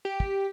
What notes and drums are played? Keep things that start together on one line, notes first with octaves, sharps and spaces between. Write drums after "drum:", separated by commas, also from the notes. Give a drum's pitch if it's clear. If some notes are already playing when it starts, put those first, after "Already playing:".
G4
drum: kick